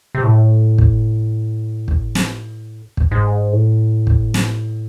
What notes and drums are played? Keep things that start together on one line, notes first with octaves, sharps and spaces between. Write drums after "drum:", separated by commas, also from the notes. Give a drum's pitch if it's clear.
C3
A2
drum: kick
drum: kick
drum: snare
drum: kick
G#2
A2
drum: kick
drum: snare